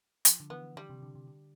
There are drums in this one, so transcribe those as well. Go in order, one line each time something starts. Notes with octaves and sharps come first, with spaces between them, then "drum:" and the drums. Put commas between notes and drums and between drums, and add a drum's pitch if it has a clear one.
F3, drum: hi-hat
D3
E3 B3
D3 G3
C3
D3
C3
D3